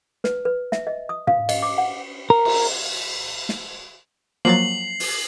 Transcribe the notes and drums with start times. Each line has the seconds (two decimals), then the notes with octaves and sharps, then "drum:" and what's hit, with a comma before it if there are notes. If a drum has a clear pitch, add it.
0.24 B4, drum: snare
0.45 B4
0.72 E5, drum: snare
0.87 D#5
1.09 D#6
1.27 F5, drum: tom
1.49 D#5, drum: cymbal
1.62 D6
1.78 F#5
2.30 A#4
2.45 drum: cymbal
3.49 drum: snare
4.45 F3 F#3 A#3 A6 C7 F#7
5.00 drum: open hi-hat